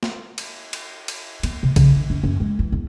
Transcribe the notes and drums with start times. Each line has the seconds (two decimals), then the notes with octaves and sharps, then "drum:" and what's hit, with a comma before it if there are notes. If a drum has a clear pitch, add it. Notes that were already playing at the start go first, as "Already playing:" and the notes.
0.03 drum: snare
0.38 drum: cymbal
0.73 drum: cymbal
1.08 drum: cymbal
1.43 B3, drum: cymbal
1.63 C3
1.76 C#3, drum: kick A#1, cymbal
1.96 D3
2.10 F#2
2.24 F#2
2.40 G#3
2.59 E3
2.72 E2